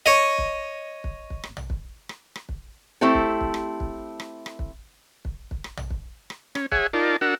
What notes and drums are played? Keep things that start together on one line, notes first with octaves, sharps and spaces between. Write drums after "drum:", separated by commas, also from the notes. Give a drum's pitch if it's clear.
C#5 D#5
drum: kick
drum: kick
drum: kick
drum: rim click
drum: tom A#1
drum: kick
drum: rim click
drum: rim click
drum: kick
A3 C4 E4 G4 A4
drum: kick
drum: kick
drum: rim click
drum: kick
drum: rim click
drum: rim click
drum: kick
drum: kick
drum: kick
drum: rim click
drum: tom A#1
drum: kick
drum: rim click
C#4, drum: rim click
G#4 C#5 E5 F#5 G#5, drum: kick
D#4 F4 A#4 D5 A5
D4 F#4 A#4 F#5 E6